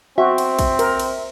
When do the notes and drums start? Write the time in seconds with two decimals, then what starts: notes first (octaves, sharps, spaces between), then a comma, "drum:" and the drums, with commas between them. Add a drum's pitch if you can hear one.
0.18 C4 F#4 E5
0.38 drum: cymbal
0.59 drum: kick, cymbal
0.79 A#4, drum: cymbal
1.00 drum: cymbal